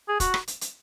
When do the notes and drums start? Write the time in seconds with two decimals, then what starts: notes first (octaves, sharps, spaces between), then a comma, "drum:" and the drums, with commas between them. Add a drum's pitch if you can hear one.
0.09 G#4
0.20 F#4, drum: kick, hi-hat
0.34 drum: rim click
0.48 drum: hi-hat
0.61 drum: hi-hat